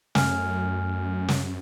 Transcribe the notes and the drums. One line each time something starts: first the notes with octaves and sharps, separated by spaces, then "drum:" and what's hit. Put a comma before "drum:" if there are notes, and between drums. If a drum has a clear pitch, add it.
F#2 A3 G#5 F6, drum: snare
drum: snare